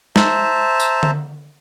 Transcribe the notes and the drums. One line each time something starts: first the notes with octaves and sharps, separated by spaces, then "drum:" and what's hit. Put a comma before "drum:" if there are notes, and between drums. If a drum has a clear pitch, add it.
C5 E5 A5 A#5, drum: snare
drum: tambourine
drum: tom D3